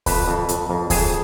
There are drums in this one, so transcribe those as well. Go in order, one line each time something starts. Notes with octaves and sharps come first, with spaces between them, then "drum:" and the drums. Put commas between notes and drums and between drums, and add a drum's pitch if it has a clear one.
F2 B4, drum: kick D2, open hi-hat
F2
F2, drum: hi-hat
F2
F2 G#4, drum: kick D2, open hi-hat